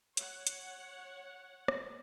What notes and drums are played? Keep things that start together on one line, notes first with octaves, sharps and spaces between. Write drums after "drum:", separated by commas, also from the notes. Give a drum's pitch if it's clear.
C#5 F#5, drum: hi-hat
drum: hi-hat
drum: rim click